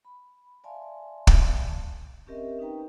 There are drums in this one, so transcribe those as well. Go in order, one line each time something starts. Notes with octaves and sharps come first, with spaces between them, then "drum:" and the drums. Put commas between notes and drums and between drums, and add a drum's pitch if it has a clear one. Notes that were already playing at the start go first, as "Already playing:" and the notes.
B5
D5 E5 F5 G#5 A5 C6
drum: kick
C4 C#4 G4 A#4 D#5 E5
C#4 D#4 G4 B4 G5 A#5